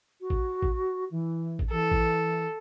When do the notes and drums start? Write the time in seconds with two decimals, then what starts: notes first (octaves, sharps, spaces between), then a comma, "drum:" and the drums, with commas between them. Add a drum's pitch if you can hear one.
0.21 F#4
0.30 drum: kick
0.62 drum: kick
1.11 E3
1.59 drum: kick
1.71 E3 A4
1.91 drum: kick